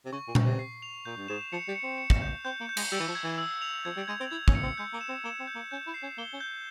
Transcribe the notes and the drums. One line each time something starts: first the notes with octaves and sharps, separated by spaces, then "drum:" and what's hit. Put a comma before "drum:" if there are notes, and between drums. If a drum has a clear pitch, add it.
C3
C#3 C#6
A#2
C#6, drum: tom A#2
C3
C7
F7
A#2 G6
G2
G#2 E7
F3 C#7
G3
C#7
C4
C#7
drum: kick
G6
C4 G6
A#3
G6
G#3, drum: cymbal
G3 E6
E3
F3
G#6
E3
E6
F7
F3 G#6
G3
G#3 G#6
C4
E4 G#6
C#4, drum: kick
C#7
C4
G#3 G6
A#3
E7
C4
A#3 E7
C4
G6
A#3
C#4 G6
E4
C7
C#4
A#3 G7
C#4
G6